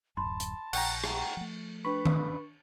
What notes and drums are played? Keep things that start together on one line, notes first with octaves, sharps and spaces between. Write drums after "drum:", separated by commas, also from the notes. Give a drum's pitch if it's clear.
D1 G1 F#2 A5 B5 C6
drum: hi-hat
A#1 F#5 G5 A#5 C#6 F#6, drum: cymbal
drum: rim click
F3 A3
D4 B4 B5 C#6
drum: tom D#3